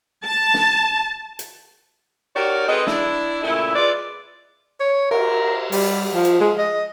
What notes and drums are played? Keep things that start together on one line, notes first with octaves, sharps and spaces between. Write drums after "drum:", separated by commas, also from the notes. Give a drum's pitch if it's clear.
A5
drum: snare
drum: hi-hat
D#4 F#4 G4 A#4 C#5 D5
G#3 C4 A4 B4 D#5
D4 E4, drum: snare
A#2 C#3 A3 E4
G#3 F4 B4 D5
C#5
A#4, drum: cymbal
G3, drum: open hi-hat
F3
drum: hi-hat
G#3
D#5